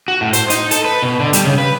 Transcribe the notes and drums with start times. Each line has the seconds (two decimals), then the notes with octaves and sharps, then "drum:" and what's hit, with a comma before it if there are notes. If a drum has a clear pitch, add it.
0.08 F#4
0.21 A2
0.33 C5, drum: hi-hat
0.50 D#4, drum: hi-hat
0.71 A4, drum: hi-hat
0.85 B4
1.02 B2
1.20 D3
1.33 G3, drum: hi-hat
1.45 C#3
1.58 B4